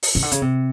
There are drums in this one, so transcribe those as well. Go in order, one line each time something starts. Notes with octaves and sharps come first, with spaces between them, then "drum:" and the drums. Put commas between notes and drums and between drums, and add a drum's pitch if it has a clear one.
drum: open hi-hat
C#3
D3
C#3, drum: hi-hat
C3